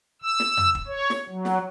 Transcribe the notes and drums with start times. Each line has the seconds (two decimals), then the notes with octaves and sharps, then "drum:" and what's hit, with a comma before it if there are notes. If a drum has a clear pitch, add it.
0.22 E6
0.40 drum: snare
0.57 drum: tom F2
0.75 drum: kick
0.87 C#5
1.10 drum: snare
1.28 F#3
1.45 drum: snare